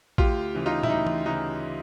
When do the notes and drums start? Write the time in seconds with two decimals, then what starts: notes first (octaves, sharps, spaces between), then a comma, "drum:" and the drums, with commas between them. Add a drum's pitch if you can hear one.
0.18 D2 F4 G4, drum: kick A#1
0.55 C#3 E3
0.66 D#4 F4
0.83 E4, drum: tom
0.90 D2 D#4
1.07 drum: tom E3
1.25 C#3 E3 D#4